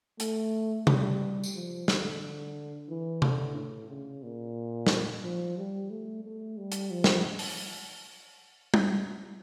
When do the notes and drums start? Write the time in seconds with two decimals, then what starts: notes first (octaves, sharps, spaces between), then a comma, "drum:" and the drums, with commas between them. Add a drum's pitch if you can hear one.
0.20 A3, drum: hi-hat
0.87 G3, drum: tom C3
1.44 drum: tambourine
1.55 F3
1.88 D3, drum: snare
2.21 D3
2.89 E3
3.22 D3, drum: tom C3
3.55 A2
3.89 C#3
4.23 A#2
4.87 drum: snare
5.23 F3
5.57 G3
5.90 A3
6.24 A3
6.58 G3
6.72 drum: hi-hat
6.91 F3
7.04 drum: snare
7.39 drum: open hi-hat
8.74 drum: tom G3